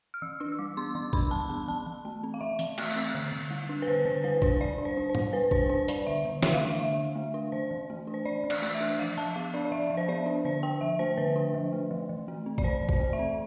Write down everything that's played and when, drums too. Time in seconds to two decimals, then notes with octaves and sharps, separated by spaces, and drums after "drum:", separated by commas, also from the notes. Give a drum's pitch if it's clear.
0.14 F6
0.22 E3 E6
0.40 D4 E6
0.52 E6
0.59 G3 D6
0.77 B3 C6
0.95 E3 C6
1.13 D4 B5, drum: kick
1.31 G3 A5
1.49 B3 A5
1.68 E3 A5
1.86 E3
2.05 A3
2.23 C4
2.34 F5
2.41 E3 E5
2.59 E3, drum: hi-hat
2.78 A3, drum: cymbal
2.96 C4
3.15 D3
3.32 D3
3.51 G3
3.69 D4
3.82 B4
3.88 D3 C5
4.05 D3 C5
4.24 G3 B4
4.42 D4 C5, drum: kick
4.61 G3 D5
4.78 D4
4.85 C5
4.97 D4
5.09 C5
5.15 G3, drum: tom G#2
5.33 G3 B4
5.51 D4 C5, drum: kick
5.69 D4 C5
5.88 G3 D5, drum: hi-hat
6.06 D3 E5
6.25 D3
6.43 A3 E5, drum: snare
6.54 F5
6.61 D4 E5
6.79 D3 E5
6.98 D3
7.15 A3
7.34 D4
7.52 E3 C5
7.71 E3
7.90 A3
8.07 D4
8.14 C5
8.25 E3 D5
8.44 E3
8.50 D5, drum: cymbal
8.62 A3
8.75 E5
8.81 D4
8.99 F3 F5
9.18 F3 A5
9.36 B3 F5
9.54 D4 D5
9.65 D5
9.72 F3 E5
9.90 F3
9.97 C5
10.08 B3 D5
10.26 D4
10.45 D3 C5
10.63 D4 G5
10.81 F3 E5
10.99 A3 C5
11.17 D3 B4
11.36 D4
11.54 F3
11.73 A3
11.91 E3
12.09 E3
12.28 A3
12.46 C4
12.58 D5, drum: kick
12.63 E3 C5
12.82 E3
12.89 C5, drum: kick
13.00 A3
13.13 E5
13.19 C4